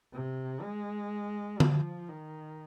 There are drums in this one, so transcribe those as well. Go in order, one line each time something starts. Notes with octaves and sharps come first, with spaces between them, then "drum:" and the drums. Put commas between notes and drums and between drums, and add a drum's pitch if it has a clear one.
C3
G#3
F3, drum: tom D3
D#3